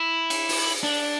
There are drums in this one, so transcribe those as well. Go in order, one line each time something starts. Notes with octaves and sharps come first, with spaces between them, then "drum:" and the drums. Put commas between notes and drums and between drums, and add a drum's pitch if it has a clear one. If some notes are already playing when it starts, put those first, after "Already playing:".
Already playing: E4
drum: cymbal
drum: open hi-hat
D4